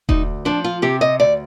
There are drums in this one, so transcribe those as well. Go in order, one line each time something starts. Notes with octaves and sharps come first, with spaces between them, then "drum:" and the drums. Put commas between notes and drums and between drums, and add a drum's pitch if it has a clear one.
D2 D#4, drum: kick E1
F3 D4
F4
C3 G4
D#5
D2 D5